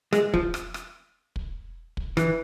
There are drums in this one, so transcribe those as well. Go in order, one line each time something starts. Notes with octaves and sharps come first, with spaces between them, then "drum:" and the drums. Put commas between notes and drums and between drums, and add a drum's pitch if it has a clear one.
G#3, drum: rim click
F3, drum: kick
drum: rim click
drum: rim click
drum: kick
drum: kick
E3, drum: rim click